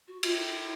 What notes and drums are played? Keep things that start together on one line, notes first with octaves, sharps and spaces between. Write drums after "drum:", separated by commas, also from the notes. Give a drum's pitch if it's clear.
F#4
F4, drum: cymbal
E4
E4